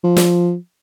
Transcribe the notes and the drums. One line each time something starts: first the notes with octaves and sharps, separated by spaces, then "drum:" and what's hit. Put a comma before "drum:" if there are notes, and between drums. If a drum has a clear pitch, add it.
F3
drum: snare